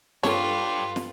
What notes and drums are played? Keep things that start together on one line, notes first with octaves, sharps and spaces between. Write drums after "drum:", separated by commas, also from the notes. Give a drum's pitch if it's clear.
G2 D4 F4 G4 A4 B4 C#5, drum: snare
drum: snare